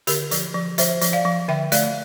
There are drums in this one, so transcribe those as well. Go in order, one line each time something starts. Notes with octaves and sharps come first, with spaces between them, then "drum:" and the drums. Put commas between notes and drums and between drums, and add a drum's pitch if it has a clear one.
D3 G4 A#4, drum: hi-hat
F3, drum: hi-hat
F3
F3 C5 E5, drum: hi-hat
F3, drum: hi-hat
D5 F5
F3
D3 E5 G5
A3 D5 F5, drum: hi-hat